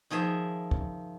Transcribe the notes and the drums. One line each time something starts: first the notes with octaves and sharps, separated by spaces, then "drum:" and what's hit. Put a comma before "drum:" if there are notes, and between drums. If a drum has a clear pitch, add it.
D#3 F3 G#4 E5
drum: kick